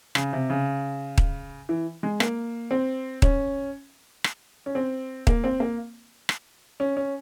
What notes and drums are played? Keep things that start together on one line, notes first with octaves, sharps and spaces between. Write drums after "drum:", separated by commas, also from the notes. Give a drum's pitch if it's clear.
C#3, drum: rim click
C3
C#3
drum: kick D#1
E3
G#3
A#3, drum: rim click
C4
C#4, drum: kick D#1
drum: rim click
C#4
C4
A#3, drum: kick D#1
C4
A#3
drum: rim click
C#4
C#4